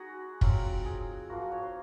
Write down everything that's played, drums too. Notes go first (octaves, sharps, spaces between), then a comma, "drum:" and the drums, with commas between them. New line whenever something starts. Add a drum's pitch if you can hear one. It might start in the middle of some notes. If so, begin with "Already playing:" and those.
Already playing: G#3 D#4 F#4 G#4
F#3 C4 F4, drum: kick
G#4
F3 A#3 F4 F#4
F#4
C#5
C5